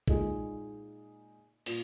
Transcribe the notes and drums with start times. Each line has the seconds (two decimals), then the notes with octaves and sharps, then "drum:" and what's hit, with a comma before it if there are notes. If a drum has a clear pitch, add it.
0.08 A#2 G#3 D#4 G#4, drum: kick A#1
1.66 A#2, drum: open hi-hat